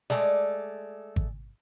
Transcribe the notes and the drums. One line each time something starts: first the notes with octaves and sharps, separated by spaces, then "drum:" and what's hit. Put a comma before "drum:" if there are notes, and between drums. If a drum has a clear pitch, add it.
G#3 A3 D5, drum: snare
drum: kick G#1